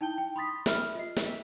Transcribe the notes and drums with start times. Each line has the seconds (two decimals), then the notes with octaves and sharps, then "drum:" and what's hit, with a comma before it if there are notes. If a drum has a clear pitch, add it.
0.01 D#4 E4 G5 A5 G6 G7
0.18 G5
0.36 B5 C6 D#6 A6 B6
0.66 A#4 E5 B5 F6, drum: snare
0.95 F4 D#5 C7
1.17 drum: snare
1.26 B6